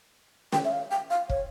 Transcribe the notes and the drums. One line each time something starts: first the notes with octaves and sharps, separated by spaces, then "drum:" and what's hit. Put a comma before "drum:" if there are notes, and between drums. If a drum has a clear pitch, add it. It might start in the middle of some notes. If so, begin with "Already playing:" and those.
G5, drum: snare
E5
F5
G5
F5
C#5, drum: kick